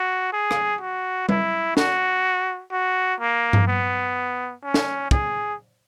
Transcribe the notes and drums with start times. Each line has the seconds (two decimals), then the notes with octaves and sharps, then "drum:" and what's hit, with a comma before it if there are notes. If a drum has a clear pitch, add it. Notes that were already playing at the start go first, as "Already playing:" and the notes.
Already playing: F#4
0.33 G#4
0.51 drum: rim click
0.81 F#4
1.29 E4, drum: tom G3
1.77 F#4, drum: snare
2.72 F#4
3.20 A#3
3.53 drum: tom G2
3.67 B3
4.64 C#4
4.74 drum: snare
5.11 G#4, drum: kick